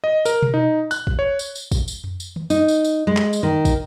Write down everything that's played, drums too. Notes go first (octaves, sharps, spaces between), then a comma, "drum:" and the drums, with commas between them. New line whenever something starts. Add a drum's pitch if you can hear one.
D#5
A#4, drum: tambourine
drum: tom B2
D#4
F#6, drum: tambourine
drum: kick
C#5
drum: tambourine
drum: tambourine
drum: kick, tambourine
drum: tambourine
drum: tom F2
drum: tambourine
drum: tom D#3
D#4, drum: tambourine
drum: tambourine
drum: tambourine
G#3
drum: clap
drum: tambourine
D#3
drum: kick, tambourine